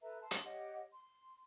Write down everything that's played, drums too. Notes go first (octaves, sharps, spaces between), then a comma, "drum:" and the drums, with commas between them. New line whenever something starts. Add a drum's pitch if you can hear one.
A4 B4 E5 A#5
A5 C6
drum: hi-hat
G4 C#5 D#5 F#5
C6